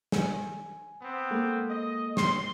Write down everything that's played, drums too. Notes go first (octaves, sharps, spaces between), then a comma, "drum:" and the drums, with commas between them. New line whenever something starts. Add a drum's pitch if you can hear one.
G#5, drum: snare
B3 C4
G#3 A#3 A4
D#5
C6, drum: snare